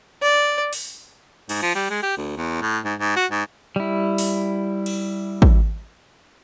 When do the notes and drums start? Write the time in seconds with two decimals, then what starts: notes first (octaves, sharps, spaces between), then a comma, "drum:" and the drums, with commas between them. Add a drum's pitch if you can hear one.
0.22 D5
0.73 drum: open hi-hat
1.49 G#2, drum: cymbal
1.62 F3
1.75 G3
1.90 G#3
2.02 G4
2.18 D2
2.37 E2
2.62 A2
2.85 G#2
2.99 G#2
3.16 F#4
3.32 G#2
3.76 G3 E4
4.18 drum: open hi-hat
4.86 drum: cymbal
5.42 drum: kick